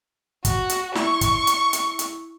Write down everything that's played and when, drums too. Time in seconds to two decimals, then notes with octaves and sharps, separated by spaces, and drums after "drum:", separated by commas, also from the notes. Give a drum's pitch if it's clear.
0.45 F#4, drum: kick, hi-hat
0.70 drum: hi-hat
0.95 E4 C#6, drum: snare
1.21 drum: kick, hi-hat
1.47 drum: hi-hat
1.73 drum: hi-hat
1.99 drum: hi-hat